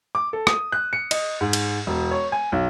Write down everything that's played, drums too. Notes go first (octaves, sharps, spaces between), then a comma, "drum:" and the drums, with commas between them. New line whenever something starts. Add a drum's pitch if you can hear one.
D6
A4
D#6, drum: rim click
F#6
C#7
D#5, drum: cymbal
G#2
drum: cymbal
E1
C#5
G#5
B1